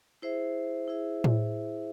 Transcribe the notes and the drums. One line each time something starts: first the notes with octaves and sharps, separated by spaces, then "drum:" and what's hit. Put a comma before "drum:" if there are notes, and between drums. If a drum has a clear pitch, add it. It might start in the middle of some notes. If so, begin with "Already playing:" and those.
E4 G#4 C5 E5
E4 G#4 C5 E5
drum: tom A2